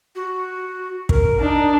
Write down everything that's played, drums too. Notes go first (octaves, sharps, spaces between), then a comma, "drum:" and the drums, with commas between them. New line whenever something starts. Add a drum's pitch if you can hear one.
F#4
A#4, drum: kick
D4 D#4